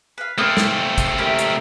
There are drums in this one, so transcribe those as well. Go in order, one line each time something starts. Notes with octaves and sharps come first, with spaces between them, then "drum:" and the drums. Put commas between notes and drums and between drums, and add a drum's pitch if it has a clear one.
B4 F5
A3 A#3 C4 B4 D#6
drum: snare
drum: kick, hi-hat
E4 G4 A#4
drum: hi-hat